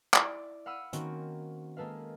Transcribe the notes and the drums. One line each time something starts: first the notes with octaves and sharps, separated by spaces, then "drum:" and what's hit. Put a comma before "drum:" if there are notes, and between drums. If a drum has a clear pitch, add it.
E4 D5, drum: clap
F5 F#5 B5 E6 F6 D#7
D#3 A#3 C4 C#4 F#4, drum: hi-hat
G#3 A#3 A4 B4 F5